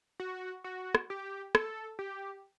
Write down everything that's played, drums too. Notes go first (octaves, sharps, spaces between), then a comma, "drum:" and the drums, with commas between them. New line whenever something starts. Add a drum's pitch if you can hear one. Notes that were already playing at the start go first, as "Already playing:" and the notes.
F#4
F#4
drum: rim click
G4
A4, drum: rim click
G4